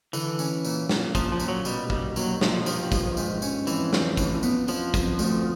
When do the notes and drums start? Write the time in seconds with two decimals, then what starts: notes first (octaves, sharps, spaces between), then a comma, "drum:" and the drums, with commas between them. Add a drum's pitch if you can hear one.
0.13 D3 E3, drum: tambourine
0.39 C#4, drum: tambourine
0.64 A#2, drum: tambourine
0.89 A#2, drum: snare
1.15 A#2 F3, drum: kick, tambourine
1.32 F3
1.40 A#2, drum: tambourine
1.48 F#3
1.65 B2 G3, drum: tambourine
1.90 G3 D#4, drum: kick
2.16 D#2 F#3, drum: tambourine
2.41 D#2 F3, drum: snare
2.66 G2 F3, drum: tambourine
2.92 G2, drum: kick, tambourine
3.17 G#2, drum: tambourine
3.42 C#4, drum: tambourine
3.67 F2 E3, drum: tambourine
3.93 F2, drum: snare
4.17 A2, drum: kick, tambourine
4.43 B3, drum: tambourine
4.68 F2 F3, drum: tambourine
4.94 F2, drum: kick, tambourine
5.19 D2, drum: tambourine